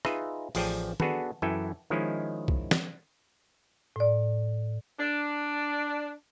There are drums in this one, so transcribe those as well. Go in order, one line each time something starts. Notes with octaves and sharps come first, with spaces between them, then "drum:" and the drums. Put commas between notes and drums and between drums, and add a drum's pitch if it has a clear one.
D#4 F4 G#4 B4 D#5 E5, drum: rim click
A1 F3 G#4 D5 G5 A5, drum: open hi-hat
B3 D4 F#4 G#4 A4 B4, drum: tom
F#2 E3 E4 A4 G5 G#5
D#3 F3 G#3 C#4 E4
drum: kick
drum: snare
A2 D5
D4